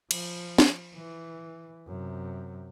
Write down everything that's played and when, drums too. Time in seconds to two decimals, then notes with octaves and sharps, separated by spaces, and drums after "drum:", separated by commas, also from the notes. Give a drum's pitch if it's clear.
0.11 F3, drum: cymbal
0.58 drum: snare
0.95 E3
1.86 F#2 C3